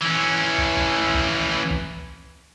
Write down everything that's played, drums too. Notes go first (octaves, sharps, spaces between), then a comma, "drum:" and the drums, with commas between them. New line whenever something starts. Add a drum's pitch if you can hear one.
E3 C#4
drum: kick
drum: kick
drum: kick
drum: kick